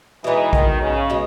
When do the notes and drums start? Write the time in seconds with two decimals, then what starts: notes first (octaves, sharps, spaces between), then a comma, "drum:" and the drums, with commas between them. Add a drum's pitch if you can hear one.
0.24 B2 E3 G#3 D#4
0.53 D#3, drum: kick A1
0.81 C#3
1.10 B2 G#3